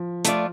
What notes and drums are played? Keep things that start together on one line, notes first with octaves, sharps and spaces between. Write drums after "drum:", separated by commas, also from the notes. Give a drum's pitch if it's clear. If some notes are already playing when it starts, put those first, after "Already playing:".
Already playing: F3
A3 F4 D5, drum: hi-hat